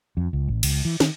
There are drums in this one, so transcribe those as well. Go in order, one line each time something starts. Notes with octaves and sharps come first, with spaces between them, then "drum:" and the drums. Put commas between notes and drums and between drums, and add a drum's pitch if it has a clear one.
F2
C#2
A1
C#2, drum: cymbal
E3
D#3, drum: snare